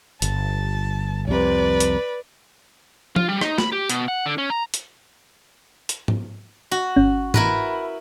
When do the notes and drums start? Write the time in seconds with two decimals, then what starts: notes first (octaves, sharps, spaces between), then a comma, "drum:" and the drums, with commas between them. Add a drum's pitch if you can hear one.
0.22 G1 A5, drum: hi-hat
1.27 C2 F2 C3 B4 D5
1.80 drum: hi-hat
3.16 F4, drum: tom F3
3.29 G3
3.41 D#4, drum: rim click
3.58 B5, drum: snare
3.73 G4
3.90 B2, drum: hi-hat
4.08 F#5
4.26 D3
4.38 C#4
4.50 A#5
4.74 drum: hi-hat
5.89 drum: hi-hat
6.08 drum: tom
6.71 F#4
6.97 G1 C#4
7.34 E4 A#4 B4, drum: tom